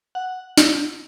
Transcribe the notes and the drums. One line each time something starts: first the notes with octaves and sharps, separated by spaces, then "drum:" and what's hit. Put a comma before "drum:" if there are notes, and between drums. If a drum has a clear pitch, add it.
F#5
drum: snare